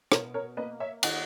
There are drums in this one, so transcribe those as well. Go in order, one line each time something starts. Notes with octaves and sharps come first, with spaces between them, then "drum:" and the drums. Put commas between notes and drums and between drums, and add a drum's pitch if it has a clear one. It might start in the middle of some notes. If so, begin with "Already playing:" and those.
B2 A#4 C#5, drum: rim click
A#4 C#5
A#3 B4 D#5
C#5 E5
D#3 D#5 F#5, drum: cymbal